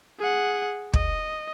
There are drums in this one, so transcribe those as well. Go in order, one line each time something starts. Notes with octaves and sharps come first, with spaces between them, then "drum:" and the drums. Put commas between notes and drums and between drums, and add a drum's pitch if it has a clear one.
G#4 F#5
D#5, drum: kick